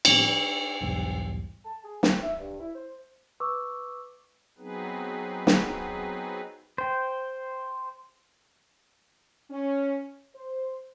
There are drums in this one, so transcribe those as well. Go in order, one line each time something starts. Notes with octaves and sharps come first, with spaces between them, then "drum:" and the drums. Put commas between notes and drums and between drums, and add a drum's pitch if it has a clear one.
A2 D#3 F3 G3 B3 C4, drum: cymbal
B4 D5
B1 E2 G#2 G3
A5
G#4
C4, drum: snare
E5
G2
E4
C5
B4 C#6 D6 E6
F#3 B3 C4 D#4 G#4 B4
drum: snare
C5 G5
C#4
C5